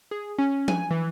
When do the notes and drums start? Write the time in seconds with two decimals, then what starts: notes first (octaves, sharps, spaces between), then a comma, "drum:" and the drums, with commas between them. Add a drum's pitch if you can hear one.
0.11 G#4
0.38 C#4
0.68 G#5, drum: tom F3
0.91 E3